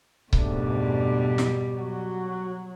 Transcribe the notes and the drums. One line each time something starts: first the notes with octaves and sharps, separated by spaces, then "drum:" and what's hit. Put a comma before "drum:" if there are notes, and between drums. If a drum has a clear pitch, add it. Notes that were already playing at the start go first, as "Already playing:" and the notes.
F2 G#2 B2 G3 A3 D4, drum: kick C#1
drum: snare
F#3 F#4